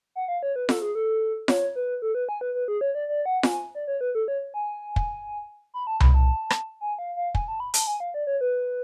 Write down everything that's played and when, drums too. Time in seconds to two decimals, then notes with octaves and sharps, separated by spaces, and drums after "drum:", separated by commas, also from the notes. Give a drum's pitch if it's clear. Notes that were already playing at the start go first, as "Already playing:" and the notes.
0.15 F#5
0.28 F5
0.43 C#5
0.56 B4
0.69 A4, drum: snare F4
0.82 G#4
0.95 A4
1.48 C#5, drum: snare F4
1.76 B4
2.02 A4
2.15 B4
2.29 G#5
2.41 B4
2.54 B4
2.68 G#4
2.81 C#5
2.95 D5
3.09 D5
3.26 F#5
3.43 G#5, drum: snare F4
3.75 D5
3.87 C#5
4.01 B4
4.15 A4
4.28 C#5
4.54 G#5
4.96 drum: kick
5.74 B5
5.87 A5
6.00 B5, drum: tom C2
6.14 A5
6.50 drum: rim click
6.81 G#5
6.99 F5
7.16 F5
7.35 G#5, drum: kick
7.48 A5
7.60 B5
7.74 A5, drum: hi-hat
7.87 G#5
8.00 F5
8.14 D5
8.27 C#5
8.41 B4